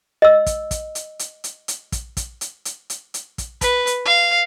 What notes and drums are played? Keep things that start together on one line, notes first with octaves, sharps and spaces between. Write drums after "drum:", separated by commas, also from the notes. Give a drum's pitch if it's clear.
D#5 E6
drum: kick, hi-hat
drum: kick, hi-hat
drum: hi-hat
drum: hi-hat
drum: hi-hat
drum: hi-hat
drum: kick, hi-hat
drum: kick, hi-hat
drum: hi-hat
drum: hi-hat
drum: hi-hat
drum: hi-hat
drum: kick, hi-hat
B4, drum: kick, hi-hat
drum: hi-hat
F5